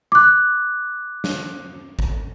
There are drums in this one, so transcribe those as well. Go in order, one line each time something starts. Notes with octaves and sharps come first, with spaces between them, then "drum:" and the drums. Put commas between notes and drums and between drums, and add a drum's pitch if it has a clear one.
D6 F#6
drum: snare
drum: kick G1